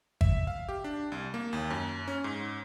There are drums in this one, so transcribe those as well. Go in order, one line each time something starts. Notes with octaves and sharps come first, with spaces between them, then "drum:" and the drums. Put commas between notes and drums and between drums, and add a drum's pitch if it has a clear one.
E5, drum: kick G#1
F5
G4
D4
C2
A#3
D#2
F#2
C#4
G#2